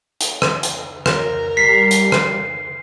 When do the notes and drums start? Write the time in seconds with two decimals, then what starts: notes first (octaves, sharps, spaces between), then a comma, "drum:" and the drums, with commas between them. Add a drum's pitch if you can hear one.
0.21 drum: hi-hat
0.42 drum: rim click
0.63 drum: hi-hat
1.06 A#4, drum: rim click
1.57 G3 B6 C7
1.91 drum: hi-hat
2.12 drum: rim click